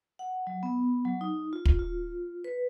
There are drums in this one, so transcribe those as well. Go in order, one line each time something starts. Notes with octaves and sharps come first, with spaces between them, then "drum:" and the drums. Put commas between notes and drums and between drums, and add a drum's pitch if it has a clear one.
F#5
F#3
B3
F#3
D#4
F4
drum: kick
F4
B4